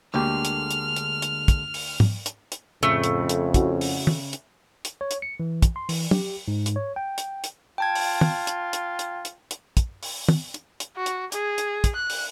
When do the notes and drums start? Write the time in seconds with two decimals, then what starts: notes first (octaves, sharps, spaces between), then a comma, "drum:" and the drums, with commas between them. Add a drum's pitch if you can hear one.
0.14 D2 D3 G#3 A#3 G4 F6
0.45 drum: hi-hat
0.71 drum: hi-hat
0.96 drum: hi-hat
1.22 drum: hi-hat
1.48 drum: kick, hi-hat
1.74 drum: open hi-hat
2.00 drum: tom G#2
2.26 drum: hi-hat
2.52 drum: hi-hat
2.83 F2 A2 C#3 A3
3.04 drum: hi-hat
3.29 drum: hi-hat
3.54 C#4 E4 F#4, drum: kick, hi-hat
3.81 drum: open hi-hat
4.07 drum: tom
4.33 drum: hi-hat
4.85 drum: hi-hat
5.01 C#5
5.11 drum: hi-hat
5.22 C#7
5.40 E3
5.62 drum: kick, hi-hat
5.76 C6
5.89 E3, drum: open hi-hat
6.11 G4, drum: tom
6.48 G#2
6.66 drum: hi-hat
6.76 C#5
6.96 G5
7.18 drum: hi-hat
7.44 drum: hi-hat
7.78 F4 G5 A5 G#6
7.95 drum: open hi-hat
8.21 drum: tom
8.47 drum: hi-hat
8.73 drum: hi-hat
8.99 drum: hi-hat
9.25 drum: hi-hat
9.51 drum: hi-hat
9.77 drum: kick, hi-hat
10.03 drum: open hi-hat
10.28 drum: tom
10.54 drum: hi-hat
10.80 drum: hi-hat
10.97 F#4
11.06 drum: hi-hat
11.32 G#4, drum: hi-hat
11.58 drum: hi-hat
11.84 drum: kick, hi-hat
11.95 F#6
12.10 drum: open hi-hat